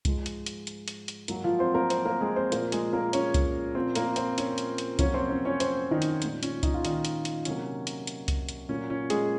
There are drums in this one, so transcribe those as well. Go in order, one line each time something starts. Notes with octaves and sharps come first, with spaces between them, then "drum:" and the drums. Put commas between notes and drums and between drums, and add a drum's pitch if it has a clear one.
G#2 F3 G#3, drum: kick C2, hi-hat
drum: hi-hat
drum: hi-hat
drum: hi-hat
drum: hi-hat
drum: hi-hat
G#2 F#3 A#3, drum: hi-hat
F3 F4
C4 C5
A#3 A#4
C4 C5, drum: hi-hat
A#3 A#4
G#3 G#4
C4 C5
A#2 F3 A#3 A#4, drum: hi-hat
G#3 G#4, drum: hi-hat
A#3 A#4
C#4 C#5, drum: hi-hat
drum: kick C2, hi-hat
A#2 F3 A#3 C4 C5
A#3 A#4, drum: hi-hat
C4 C5, drum: hi-hat
C#4 C#5, drum: hi-hat
drum: hi-hat
drum: hi-hat
F2 C3 F#3 A#3 C#4 C#5, drum: kick C2, hi-hat
C4 C5
C#4 C#5
C#4 C#5
C4 C5, drum: hi-hat
D#3 D#4
drum: hi-hat
A#2 G#3, drum: hi-hat
C#4, drum: hi-hat
D#4, drum: kick C2, hi-hat
F4
D#3 D#4, drum: hi-hat
drum: hi-hat
drum: hi-hat
C3 F#3 A#3 C#4, drum: hi-hat
drum: hi-hat
drum: hi-hat
drum: kick C2, hi-hat
drum: hi-hat
A#2 F#3 A#3 C#4
C#4
G#3 G#4, drum: hi-hat